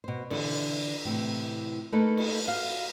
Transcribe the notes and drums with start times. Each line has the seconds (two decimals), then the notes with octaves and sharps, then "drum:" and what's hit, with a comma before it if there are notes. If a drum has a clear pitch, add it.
0.04 B2 C5
0.30 D3 E3 D4 D5, drum: cymbal
1.05 A2 C3 E3
1.92 A3 A#3 D#4 A4 B4
2.17 drum: cymbal
2.47 F#4 F5